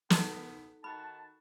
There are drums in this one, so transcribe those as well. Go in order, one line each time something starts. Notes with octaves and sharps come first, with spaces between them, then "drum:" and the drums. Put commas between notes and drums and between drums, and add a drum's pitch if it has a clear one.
F#2 D#3 B3 D#4 A4, drum: snare
D#3 F#4 A5 B5